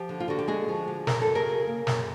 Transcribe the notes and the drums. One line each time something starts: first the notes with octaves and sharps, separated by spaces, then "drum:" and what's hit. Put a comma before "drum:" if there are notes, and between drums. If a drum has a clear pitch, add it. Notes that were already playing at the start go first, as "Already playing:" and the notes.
Already playing: F3 G4
D3
F4
D3 F#4
G4
G#3 F#4 G#4
F3
D3
F#2 A#4, drum: snare
F#3 A4
G#4 A#4
C#3
A#3
F#2, drum: snare